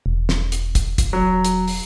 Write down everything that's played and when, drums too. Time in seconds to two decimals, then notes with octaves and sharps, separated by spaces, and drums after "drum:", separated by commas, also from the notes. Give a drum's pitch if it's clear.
0.06 E1
0.29 drum: snare
0.52 drum: hi-hat
0.75 drum: kick, hi-hat
0.98 drum: kick, hi-hat
1.13 F#3
1.45 drum: hi-hat
1.68 drum: open hi-hat